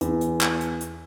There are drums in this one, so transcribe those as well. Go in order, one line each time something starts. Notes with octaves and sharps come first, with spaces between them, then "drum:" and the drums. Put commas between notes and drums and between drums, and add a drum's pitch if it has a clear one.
E2, drum: hi-hat
drum: hi-hat
drum: clap
drum: hi-hat
drum: hi-hat